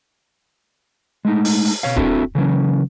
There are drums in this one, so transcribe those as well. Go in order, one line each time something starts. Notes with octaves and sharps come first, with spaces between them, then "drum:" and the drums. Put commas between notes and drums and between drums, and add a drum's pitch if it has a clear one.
G#3 A3 D#4
drum: open hi-hat
drum: open hi-hat
B2 C#5 F5
C4 D4 E4 F#4 A4, drum: kick D1
C#3 E3 F#3 C#4